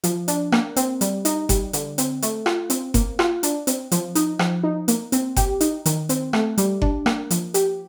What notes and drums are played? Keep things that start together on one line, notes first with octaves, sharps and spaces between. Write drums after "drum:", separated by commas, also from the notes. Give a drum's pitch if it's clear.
F3, drum: hi-hat
D4, drum: hi-hat
A#3, drum: rim click
C4, drum: hi-hat
G3, drum: hi-hat
D#4, drum: hi-hat
G3, drum: kick F#1, hi-hat
D3, drum: hi-hat
C4, drum: hi-hat
A3, drum: hi-hat
F4, drum: rim click
C4, drum: hi-hat
A#3, drum: kick F#1, hi-hat
F4, drum: rim click
D4, drum: hi-hat
C4, drum: hi-hat
F3, drum: hi-hat
D#4, drum: hi-hat
F3, drum: rim click
D#4
A#3, drum: hi-hat
C4, drum: hi-hat
G4, drum: kick F#1, hi-hat
D#4, drum: hi-hat
D#3, drum: hi-hat
C4, drum: hi-hat
A3, drum: rim click
G3, drum: hi-hat
D4, drum: kick F#1
A#3, drum: rim click
F3, drum: hi-hat
G4, drum: hi-hat